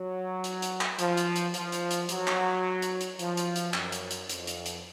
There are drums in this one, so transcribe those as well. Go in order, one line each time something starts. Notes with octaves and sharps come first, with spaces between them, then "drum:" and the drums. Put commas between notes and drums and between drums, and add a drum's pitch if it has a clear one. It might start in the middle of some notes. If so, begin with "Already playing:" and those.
Already playing: F#3
drum: hi-hat
drum: hi-hat
drum: clap
F3, drum: hi-hat
drum: hi-hat
drum: hi-hat
F3, drum: hi-hat
drum: hi-hat
drum: hi-hat
F#3, drum: hi-hat
drum: clap
drum: hi-hat
drum: hi-hat
F3, drum: hi-hat
drum: hi-hat
drum: hi-hat
F#2, drum: clap
drum: hi-hat
drum: hi-hat
F2, drum: hi-hat
drum: hi-hat
drum: hi-hat